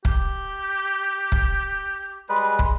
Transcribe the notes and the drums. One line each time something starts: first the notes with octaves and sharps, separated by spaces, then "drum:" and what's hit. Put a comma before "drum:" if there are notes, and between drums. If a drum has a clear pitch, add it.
G4, drum: kick
drum: kick
G3 G#3 B4
drum: kick